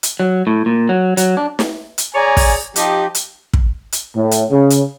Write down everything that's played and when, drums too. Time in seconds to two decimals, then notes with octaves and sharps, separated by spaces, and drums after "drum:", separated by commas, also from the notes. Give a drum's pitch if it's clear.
0.03 drum: hi-hat
0.20 F#3
0.47 A2
0.66 A#2
0.89 F#3
1.17 F#3, drum: hi-hat
1.37 D4
1.59 drum: snare
1.98 drum: hi-hat
2.15 G#4 C#5 D5 G#5 A#5
2.37 drum: kick, open hi-hat
2.76 F3 D#4 G4, drum: hi-hat
3.15 drum: hi-hat
3.53 drum: kick
3.92 drum: hi-hat
4.16 A2
4.31 drum: hi-hat
4.50 C#3
4.70 drum: hi-hat